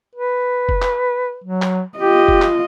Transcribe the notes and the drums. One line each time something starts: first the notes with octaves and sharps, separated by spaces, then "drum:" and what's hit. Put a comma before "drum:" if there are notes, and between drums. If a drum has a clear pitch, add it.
B4
drum: kick
drum: clap
F#3
drum: clap
F4 G4 D#5
drum: kick
drum: clap